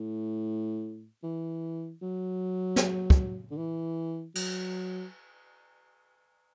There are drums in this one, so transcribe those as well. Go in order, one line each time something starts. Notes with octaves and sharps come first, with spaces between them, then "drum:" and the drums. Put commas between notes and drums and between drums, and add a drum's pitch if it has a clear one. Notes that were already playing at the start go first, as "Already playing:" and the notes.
Already playing: A2
E3
F#3
drum: snare
drum: kick
D3
E3
F#3, drum: cymbal